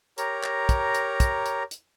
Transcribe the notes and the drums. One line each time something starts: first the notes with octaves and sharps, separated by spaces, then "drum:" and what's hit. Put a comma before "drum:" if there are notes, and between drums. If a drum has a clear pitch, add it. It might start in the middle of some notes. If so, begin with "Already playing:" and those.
G4 A#4 C#5 A#5, drum: hi-hat
drum: clap
drum: kick, hi-hat
drum: hi-hat
drum: kick, hi-hat
drum: hi-hat
drum: hi-hat